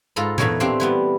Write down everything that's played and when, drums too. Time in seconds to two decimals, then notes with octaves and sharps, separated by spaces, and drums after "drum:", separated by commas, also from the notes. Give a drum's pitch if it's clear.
0.16 G#2 F4 A4 A#5 B5
0.38 E2 A2 A3 D#4 A#4 C#5, drum: tom A#2
0.60 C4 D4 G4 C5 F5 G5
0.80 E3 G3 B3